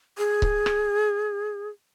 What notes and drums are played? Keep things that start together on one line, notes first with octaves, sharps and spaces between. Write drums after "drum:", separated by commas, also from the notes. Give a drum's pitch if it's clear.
G#4
drum: kick C#1
drum: rim click